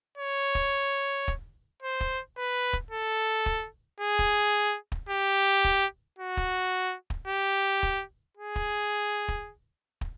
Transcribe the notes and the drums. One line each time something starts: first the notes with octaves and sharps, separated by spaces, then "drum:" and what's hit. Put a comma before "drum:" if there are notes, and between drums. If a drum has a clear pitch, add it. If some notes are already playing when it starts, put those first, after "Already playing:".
C#5
drum: kick
drum: kick
C5
drum: kick
B4
drum: kick
A4
drum: kick
G#4
drum: kick
drum: kick
G4
drum: kick
F#4
drum: kick
drum: kick
G4
drum: kick
G#4
drum: kick
drum: kick
drum: kick